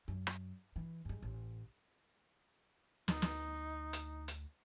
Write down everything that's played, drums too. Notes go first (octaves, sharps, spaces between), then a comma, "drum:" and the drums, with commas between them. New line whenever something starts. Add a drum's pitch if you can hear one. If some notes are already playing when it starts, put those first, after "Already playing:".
F#2
drum: rim click
E3
G2 G#3
A1
D2 D#4, drum: snare
drum: snare
drum: hi-hat
drum: hi-hat